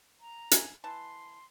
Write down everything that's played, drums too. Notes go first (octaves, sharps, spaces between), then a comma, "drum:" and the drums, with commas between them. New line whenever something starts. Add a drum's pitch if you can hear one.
A#5
G#5, drum: hi-hat
E3 A5 C6